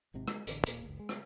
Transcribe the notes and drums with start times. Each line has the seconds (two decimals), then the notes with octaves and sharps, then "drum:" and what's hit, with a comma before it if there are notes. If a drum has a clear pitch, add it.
0.14 G#1 G#2 C3 C4
0.28 G#3, drum: rim click
0.47 A1 D3, drum: hi-hat
0.66 D#1 A#2 A#3, drum: hi-hat
0.85 F#1 C#2
1.00 G#3
1.09 drum: rim click